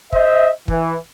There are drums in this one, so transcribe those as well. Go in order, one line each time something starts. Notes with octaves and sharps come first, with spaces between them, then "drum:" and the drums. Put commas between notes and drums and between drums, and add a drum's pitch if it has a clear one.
C5 D#5 E5, drum: kick
E3, drum: kick